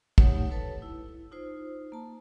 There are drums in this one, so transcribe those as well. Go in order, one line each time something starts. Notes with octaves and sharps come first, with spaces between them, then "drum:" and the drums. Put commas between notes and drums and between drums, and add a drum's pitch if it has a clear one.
A3 D#4 G4 C#5 F#5, drum: kick
A4 B4 C#5 A5
E4
D#4 F4 C5
A#3 A5